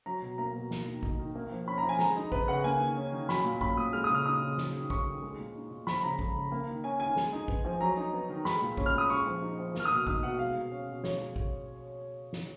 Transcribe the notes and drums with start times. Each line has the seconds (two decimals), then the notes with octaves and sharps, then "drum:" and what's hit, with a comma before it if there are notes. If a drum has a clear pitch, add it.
0.06 F#3 A#5
0.22 B2
0.38 A#3 A#5
0.55 B2
0.71 A#3, drum: snare
0.86 D#3
1.03 D#4, drum: kick A1
1.19 D#3
1.35 A#3
1.51 F3
1.67 C#4 B5
1.78 A#5
1.83 F3
1.89 G#5
1.99 G#3 A#5, drum: snare
2.16 D#4
2.32 B3 B4, drum: kick A1
2.48 C#3 F#5
2.64 A#3 G#5
2.81 D#3
2.97 C#4
3.12 D#3
3.29 F#3 B5, drum: snare
3.45 A#2
3.61 C#4 B5, drum: kick A1
3.77 A#2 D#6
3.93 G#3 F6
4.04 D#6
4.09 C#3
4.14 F6
4.25 D#4 D#6
4.42 C#3
4.58 F#3, drum: snare
4.74 D#3
4.90 C#4 C#6, drum: kick A1
5.06 D#3
5.22 G#3
5.38 A#2
5.55 D#4
5.71 A#2
5.87 F3 B5, drum: snare
6.03 C#3 A#5
6.19 G#3, drum: kick A1
6.35 C#3
6.52 A#3
6.68 D#3
6.84 C#4 G#5
7.00 D#3 G#5
7.16 G#3, drum: snare
7.32 D#4
7.48 B3, drum: kick A1
7.65 F3
7.81 F#3 A#5
7.97 D#4
8.13 B3
8.29 D#3
8.45 G#3 B5, drum: snare
8.62 A#2
8.77 C#4, drum: kick A1
8.86 F6
8.94 A#2 D#6
9.09 G#3 C#6
9.26 F3
9.42 D#4
9.59 F3
9.75 A#3, drum: snare
9.80 F6
9.85 D#6
9.91 B2 F6
10.07 D#4 D#6, drum: kick A1
10.23 B2 F#5
10.39 G#3 F5
10.55 B2
10.71 C#4
10.87 B2
11.04 G#3 C#5, drum: snare
11.36 drum: kick A1
12.33 drum: snare